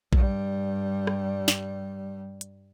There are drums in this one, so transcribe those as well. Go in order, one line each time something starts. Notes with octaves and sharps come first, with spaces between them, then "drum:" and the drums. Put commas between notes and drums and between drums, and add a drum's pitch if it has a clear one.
G2 G3, drum: kick A#1
drum: rim click
drum: snare
drum: hi-hat